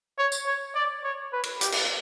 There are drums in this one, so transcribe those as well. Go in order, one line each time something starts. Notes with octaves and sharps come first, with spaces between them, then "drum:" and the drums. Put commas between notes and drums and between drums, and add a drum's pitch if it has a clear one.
C#5
drum: tambourine
C#5
D5
C#5
B4
drum: cymbal
G4, drum: hi-hat
drum: cymbal